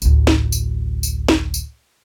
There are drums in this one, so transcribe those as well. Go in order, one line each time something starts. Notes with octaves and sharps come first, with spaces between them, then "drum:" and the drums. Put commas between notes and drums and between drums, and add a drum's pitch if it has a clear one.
A1 D2, drum: tambourine
drum: snare
drum: tambourine
drum: tambourine
drum: snare
drum: tambourine